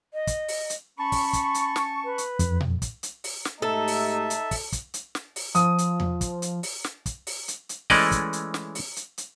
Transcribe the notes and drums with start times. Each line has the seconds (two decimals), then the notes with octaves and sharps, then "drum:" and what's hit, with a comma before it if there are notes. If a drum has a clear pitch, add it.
0.14 D#5
0.27 drum: kick, hi-hat
0.49 drum: open hi-hat
0.70 drum: hi-hat
0.98 C#4 A5 B5 C#6
1.12 drum: kick, open hi-hat
1.33 drum: kick, hi-hat
1.54 drum: hi-hat
1.76 drum: snare
2.04 B4
2.18 drum: hi-hat
2.39 F2, drum: hi-hat
2.60 drum: tom A#2
2.82 drum: kick, hi-hat
3.03 drum: hi-hat
3.24 drum: open hi-hat
3.45 drum: snare
3.62 G#2 A3 D#4 G4 A4 E5 A5
3.88 drum: open hi-hat
4.30 drum: hi-hat
4.51 drum: kick, open hi-hat
4.72 drum: kick, hi-hat
4.94 drum: hi-hat
5.15 drum: snare
5.36 drum: open hi-hat
5.55 F3 D#6, drum: hi-hat
5.78 drum: hi-hat
6.00 drum: tom E2
6.21 drum: kick, hi-hat
6.42 drum: hi-hat
6.63 drum: open hi-hat
6.84 drum: snare
7.06 drum: kick, hi-hat
7.27 drum: open hi-hat
7.48 drum: hi-hat
7.69 drum: hi-hat
7.90 E3 G#3 A3 C#4 D5 D#5, drum: kick, open hi-hat
8.12 drum: kick, hi-hat
8.33 drum: hi-hat
8.54 drum: snare
8.75 drum: open hi-hat
8.96 drum: hi-hat
9.18 drum: hi-hat